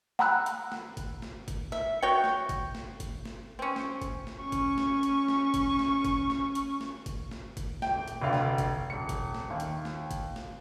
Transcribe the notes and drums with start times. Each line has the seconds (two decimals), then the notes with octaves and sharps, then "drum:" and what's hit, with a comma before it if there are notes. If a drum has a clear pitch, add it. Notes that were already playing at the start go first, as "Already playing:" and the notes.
0.19 F#5 G5 A#5 B5 E6 F#6, drum: snare
0.46 drum: hi-hat
0.72 drum: snare
0.97 drum: kick, hi-hat
1.22 drum: snare
1.48 drum: kick, hi-hat
1.72 E5, drum: snare
2.03 F#4 C#5 G5
2.24 drum: snare
2.49 drum: kick, hi-hat
2.75 drum: snare
3.00 drum: kick, hi-hat
3.25 drum: snare
3.59 C4 C#4
3.76 drum: snare
4.02 drum: kick, hi-hat
4.27 drum: snare
4.41 C#4 C#6
4.52 drum: kick, hi-hat
4.78 drum: snare
5.03 drum: hi-hat
5.28 drum: snare
5.54 drum: kick, hi-hat
5.79 drum: snare
6.05 drum: kick, hi-hat
6.30 drum: snare
6.55 drum: hi-hat
6.81 drum: snare
7.06 drum: kick, hi-hat
7.31 drum: snare
7.57 drum: kick, hi-hat
7.82 D#1 G5, drum: snare
8.08 drum: hi-hat
8.22 F1 D2 F5 G5
8.33 drum: snare
8.58 drum: kick, hi-hat
8.90 D#1 C#7
9.09 drum: kick, hi-hat
9.34 drum: snare
9.50 D#2
9.60 drum: hi-hat
9.85 drum: snare
10.11 drum: kick, hi-hat
10.36 drum: snare